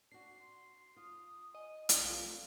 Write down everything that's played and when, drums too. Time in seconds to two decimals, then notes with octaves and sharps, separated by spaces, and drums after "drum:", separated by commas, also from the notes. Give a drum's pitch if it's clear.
0.12 D4 F#4 C7
0.40 C6
0.96 F4 D#6
1.55 D#5 G#5
1.89 drum: hi-hat
2.06 F3 G3 A3 C4